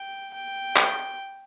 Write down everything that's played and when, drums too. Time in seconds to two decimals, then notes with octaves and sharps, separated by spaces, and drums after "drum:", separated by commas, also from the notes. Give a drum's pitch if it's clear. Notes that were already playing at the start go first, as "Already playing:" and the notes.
Already playing: G5
0.33 G5
0.76 drum: clap